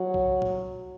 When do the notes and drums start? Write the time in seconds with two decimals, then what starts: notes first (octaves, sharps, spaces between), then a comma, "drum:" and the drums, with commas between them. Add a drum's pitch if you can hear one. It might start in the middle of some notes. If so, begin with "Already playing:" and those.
Already playing: F#3
0.14 drum: kick C2
0.42 drum: tom